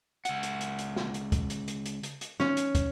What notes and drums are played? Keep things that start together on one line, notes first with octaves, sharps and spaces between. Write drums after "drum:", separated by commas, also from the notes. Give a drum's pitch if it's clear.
C#2 F#5, drum: hi-hat
drum: hi-hat
drum: hi-hat
drum: hi-hat
drum: snare
drum: hi-hat
drum: kick, hi-hat
drum: hi-hat
drum: hi-hat
drum: hi-hat
drum: hi-hat
drum: hi-hat
C#4, drum: snare
drum: hi-hat
drum: kick, hi-hat